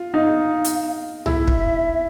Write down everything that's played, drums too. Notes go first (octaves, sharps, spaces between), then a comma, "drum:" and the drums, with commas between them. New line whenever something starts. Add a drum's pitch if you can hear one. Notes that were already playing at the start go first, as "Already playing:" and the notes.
Already playing: F4
D#4 F5 F#5
drum: hi-hat
E4 E5, drum: tom C2
drum: kick